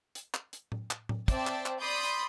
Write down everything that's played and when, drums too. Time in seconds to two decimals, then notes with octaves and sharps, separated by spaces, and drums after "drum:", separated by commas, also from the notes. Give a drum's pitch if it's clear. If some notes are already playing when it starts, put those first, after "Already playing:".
0.15 drum: hi-hat
0.34 drum: clap
0.53 drum: hi-hat
0.72 drum: tom A2
0.91 drum: clap
1.09 drum: tom A2
1.28 C4 C5 D5 E5 G5 A5, drum: kick, hi-hat
1.47 drum: clap
1.66 drum: clap
1.80 D5 B5 C6 D#6 G6
2.03 drum: hi-hat